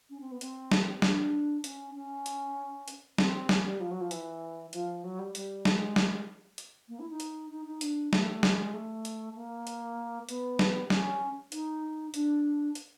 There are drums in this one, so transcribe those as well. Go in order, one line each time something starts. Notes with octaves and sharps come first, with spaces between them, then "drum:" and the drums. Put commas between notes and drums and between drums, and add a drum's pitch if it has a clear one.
C#4
C4
B3
C4, drum: hi-hat
drum: snare
D4, drum: snare
C#4, drum: hi-hat
C#4
drum: hi-hat
drum: hi-hat
C4, drum: snare
C#4, drum: snare
G3
F3
F#3
F3
E3, drum: hi-hat
F3, drum: hi-hat
F#3
G3
G3, drum: hi-hat
G#3, drum: snare
drum: snare
drum: hi-hat
A#3
E4
D#4
drum: hi-hat
D#4
D#4
D4, drum: hi-hat
A3, drum: snare
G#3, drum: snare
A3
drum: hi-hat
A#3
drum: hi-hat
B3, drum: hi-hat
drum: snare
C#4, drum: snare
D#4, drum: hi-hat
D4, drum: hi-hat
drum: hi-hat